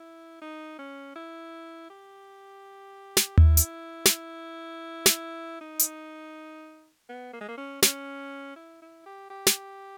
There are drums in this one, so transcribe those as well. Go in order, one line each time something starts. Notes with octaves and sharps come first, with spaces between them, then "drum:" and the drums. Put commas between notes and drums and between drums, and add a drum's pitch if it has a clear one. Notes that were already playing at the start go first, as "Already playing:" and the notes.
Already playing: E4
D#4
C#4
E4
G4
drum: snare
E4, drum: tom D#2
drum: hi-hat
drum: snare
drum: snare
D#4
drum: hi-hat
B3
A#3
G#3
A#3
C#4
C#4, drum: snare
E4
E4
G4
G4
drum: snare